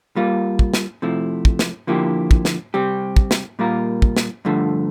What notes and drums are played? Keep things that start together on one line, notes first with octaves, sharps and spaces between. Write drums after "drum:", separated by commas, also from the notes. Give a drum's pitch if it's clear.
G3 A#3 F4
drum: kick
drum: snare
C3 F3 A3 E4
drum: kick
drum: snare
D3 F3 A#3 E4 G4
drum: kick
drum: snare
C3 G3 C4 G4
drum: kick
drum: snare
A#2 G3 A#3 F4 A#4
drum: kick
drum: snare
G2 D3 F3 A3